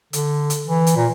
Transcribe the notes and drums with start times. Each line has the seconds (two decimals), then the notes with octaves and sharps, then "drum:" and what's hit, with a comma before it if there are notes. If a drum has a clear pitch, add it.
0.13 D3, drum: hi-hat
0.50 drum: hi-hat
0.68 E3
0.87 drum: hi-hat
0.96 A#2